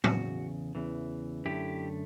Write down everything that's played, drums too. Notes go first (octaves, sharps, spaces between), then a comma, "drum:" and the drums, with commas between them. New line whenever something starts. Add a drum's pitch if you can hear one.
E2 C#3 F#4, drum: tom A2
E2 C#3 E3
F#2 D3 A3 E4 G4